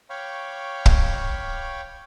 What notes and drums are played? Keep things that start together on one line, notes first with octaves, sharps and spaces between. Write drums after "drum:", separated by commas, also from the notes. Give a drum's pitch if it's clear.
C#5 F5 G5 B5 C#6 D6
drum: kick